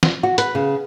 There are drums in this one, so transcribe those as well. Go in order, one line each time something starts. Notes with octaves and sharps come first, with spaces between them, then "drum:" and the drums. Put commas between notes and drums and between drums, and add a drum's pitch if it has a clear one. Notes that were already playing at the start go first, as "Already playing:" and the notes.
drum: snare
F#4
B4, drum: hi-hat
C#3